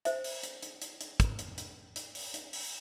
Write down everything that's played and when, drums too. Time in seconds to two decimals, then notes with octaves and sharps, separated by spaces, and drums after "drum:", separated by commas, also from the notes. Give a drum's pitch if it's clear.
0.05 C5 E5, drum: hi-hat
0.24 drum: open hi-hat
0.43 drum: hi-hat
0.63 drum: hi-hat
0.82 drum: hi-hat
1.01 drum: hi-hat
1.20 drum: kick, hi-hat
1.39 drum: hi-hat
1.58 drum: hi-hat
1.96 drum: hi-hat
2.15 drum: open hi-hat
2.34 drum: hi-hat
2.53 drum: open hi-hat